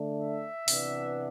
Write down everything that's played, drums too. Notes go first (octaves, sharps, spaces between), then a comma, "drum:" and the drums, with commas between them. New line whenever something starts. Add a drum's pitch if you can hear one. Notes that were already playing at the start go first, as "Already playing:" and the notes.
Already playing: D3 A3 D4
E5
C3 E3 B3 D4, drum: open hi-hat